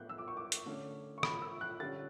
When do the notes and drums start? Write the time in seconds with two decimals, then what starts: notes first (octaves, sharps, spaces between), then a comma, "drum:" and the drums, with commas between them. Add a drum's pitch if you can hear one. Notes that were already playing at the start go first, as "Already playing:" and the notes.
Already playing: A2 B3 F#6 G6
0.09 E6
0.18 D6
0.28 C#6
0.37 D6
0.52 drum: hi-hat
0.66 D3 A3 C#4
1.18 C#6
1.23 B5, drum: rim click
1.42 E6
1.61 F#6
1.80 D3 G3 C#4 A6